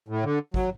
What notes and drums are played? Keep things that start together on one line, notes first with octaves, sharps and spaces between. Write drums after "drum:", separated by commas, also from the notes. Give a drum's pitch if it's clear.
A2
D3
F#3, drum: kick